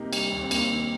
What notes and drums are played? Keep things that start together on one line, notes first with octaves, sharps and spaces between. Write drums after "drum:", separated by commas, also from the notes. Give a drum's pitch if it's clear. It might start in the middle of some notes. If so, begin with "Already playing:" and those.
Already playing: C3 A#3 D#4
G3, drum: cymbal
D#2
C4
D#2 A#3, drum: cymbal
D#3